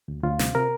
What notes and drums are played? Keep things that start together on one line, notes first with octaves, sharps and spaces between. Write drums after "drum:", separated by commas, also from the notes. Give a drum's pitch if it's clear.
D2
D2 F4
C3, drum: snare
C3 A#4